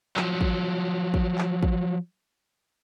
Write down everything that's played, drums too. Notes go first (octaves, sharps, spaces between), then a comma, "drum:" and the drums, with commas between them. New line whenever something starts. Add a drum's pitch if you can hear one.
F3 F#3, drum: clap
drum: kick
drum: kick
drum: clap
drum: kick